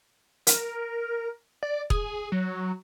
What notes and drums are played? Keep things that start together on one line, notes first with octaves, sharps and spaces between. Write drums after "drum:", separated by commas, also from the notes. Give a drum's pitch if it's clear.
A#4, drum: hi-hat
D5
G#4, drum: kick E1
F#3